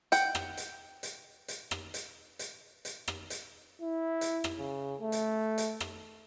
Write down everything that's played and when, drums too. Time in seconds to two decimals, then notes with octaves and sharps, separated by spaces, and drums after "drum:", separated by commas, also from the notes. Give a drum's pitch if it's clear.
0.12 F#5 G5, drum: hi-hat
0.35 drum: rim click
0.57 drum: hi-hat
1.03 drum: hi-hat
1.48 drum: hi-hat
1.71 drum: rim click
1.94 drum: hi-hat
2.39 drum: hi-hat
2.85 drum: hi-hat
3.08 drum: rim click
3.30 drum: hi-hat
3.81 E4
4.21 drum: hi-hat
4.44 drum: rim click
4.58 C#3
5.01 A3
5.12 drum: hi-hat
5.58 drum: hi-hat
5.80 drum: rim click